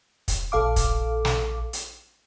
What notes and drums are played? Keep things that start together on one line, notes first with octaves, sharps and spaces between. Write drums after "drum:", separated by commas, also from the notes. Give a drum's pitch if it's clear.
drum: kick, hi-hat
A#1 A4 F5 D6
drum: kick, hi-hat
drum: snare
drum: hi-hat